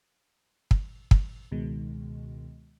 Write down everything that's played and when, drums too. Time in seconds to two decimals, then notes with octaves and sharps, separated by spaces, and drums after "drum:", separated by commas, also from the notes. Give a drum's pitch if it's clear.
0.71 drum: kick
1.11 drum: kick
1.51 C#2 B2 D#3 G#3